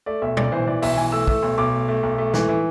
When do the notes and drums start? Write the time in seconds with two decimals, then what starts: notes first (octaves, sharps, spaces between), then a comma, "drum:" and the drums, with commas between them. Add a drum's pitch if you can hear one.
0.06 A3 D5
0.22 B1 E5
0.37 B1 D5, drum: tom A#2
0.52 E3 C5
0.67 E3 D5
0.82 B1 E5, drum: open hi-hat
0.97 E3 G#5
1.12 A3 E6
1.27 A3 E6, drum: kick
1.42 B1
1.58 B1 D6
1.73 A3
1.88 A3
2.03 B1
2.18 A3
2.34 E3, drum: snare
2.49 E3